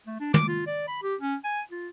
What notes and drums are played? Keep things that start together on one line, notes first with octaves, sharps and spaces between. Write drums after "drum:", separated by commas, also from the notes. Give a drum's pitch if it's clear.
A3
D4
D6, drum: tom
F4
D5
B5
G4
C#4
G#5
F4